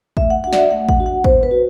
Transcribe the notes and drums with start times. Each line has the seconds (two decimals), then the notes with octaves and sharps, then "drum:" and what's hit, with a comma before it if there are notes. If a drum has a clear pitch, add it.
0.17 A3 E5, drum: kick A1
0.30 F#5
0.44 D4 F#4 F#5
0.53 D5, drum: snare
0.58 E5
0.71 A3 F#5
0.89 F#5, drum: kick A1
0.97 D4 F#4
1.06 F#5
1.24 B3 C5, drum: kick A1
1.43 B4
1.51 F#4